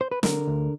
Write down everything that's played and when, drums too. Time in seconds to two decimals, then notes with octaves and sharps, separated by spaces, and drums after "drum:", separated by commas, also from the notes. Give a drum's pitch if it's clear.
0.01 C5
0.11 B4
0.23 D3 A#4, drum: snare
0.47 D2